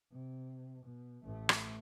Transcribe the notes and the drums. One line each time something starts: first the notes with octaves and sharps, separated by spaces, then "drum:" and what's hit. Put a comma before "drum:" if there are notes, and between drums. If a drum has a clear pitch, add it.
C3
B2
A1 A3
drum: rim click